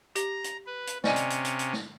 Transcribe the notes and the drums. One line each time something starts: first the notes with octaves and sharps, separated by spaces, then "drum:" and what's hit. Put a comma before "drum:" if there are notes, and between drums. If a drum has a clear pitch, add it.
G4 A#5, drum: hi-hat
drum: hi-hat
B4
drum: hi-hat
C3 C#4 D5 D#5 G#5, drum: snare
drum: hi-hat
drum: hi-hat
drum: hi-hat
drum: hi-hat
drum: snare